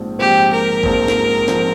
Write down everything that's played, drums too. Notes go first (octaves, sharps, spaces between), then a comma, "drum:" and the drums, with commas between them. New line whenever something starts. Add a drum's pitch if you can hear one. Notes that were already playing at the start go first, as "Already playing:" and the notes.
Already playing: A#1 G#2 F3 C4
A#1 G#2 F3 C4 G4
A#4
A#1 G#2 F3 C4, drum: kick G#1
drum: snare
F3 C4, drum: snare